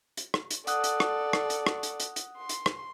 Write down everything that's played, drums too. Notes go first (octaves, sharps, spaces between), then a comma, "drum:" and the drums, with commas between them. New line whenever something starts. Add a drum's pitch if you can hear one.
drum: hi-hat
drum: rim click
drum: hi-hat
A4 D5 F#5 D#6 F#6, drum: hi-hat
drum: hi-hat
drum: rim click
drum: rim click
drum: hi-hat
drum: rim click
drum: hi-hat
drum: hi-hat
drum: hi-hat
C6
drum: hi-hat
drum: rim click